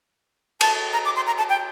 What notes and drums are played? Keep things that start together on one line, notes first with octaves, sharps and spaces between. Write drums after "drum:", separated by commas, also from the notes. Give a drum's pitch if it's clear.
A5, drum: cymbal
A#5
D6
C6
A#5
A5
G5